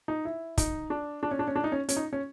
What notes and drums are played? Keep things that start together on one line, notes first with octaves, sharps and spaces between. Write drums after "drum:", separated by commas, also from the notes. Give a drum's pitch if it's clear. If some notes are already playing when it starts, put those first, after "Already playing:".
D#4
E4
D#4, drum: kick, hi-hat
D4
D4
C#4
D4
C#4
D4
D#4
C#4
C#4, drum: hi-hat
D#4
C#4